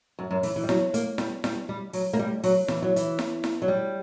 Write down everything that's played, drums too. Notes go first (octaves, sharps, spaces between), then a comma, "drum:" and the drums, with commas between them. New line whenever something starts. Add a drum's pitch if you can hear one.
F#2
F#2
E3, drum: open hi-hat
E3
G3
F#3, drum: snare E4
A#3, drum: hi-hat
G3, drum: snare E4
G3, drum: snare E4
G3
F#3, drum: open hi-hat
A#3
G3
F#3, drum: open hi-hat
E3, drum: snare E4
F#3
E3, drum: hi-hat
drum: snare E4
drum: snare E4
F#3
G3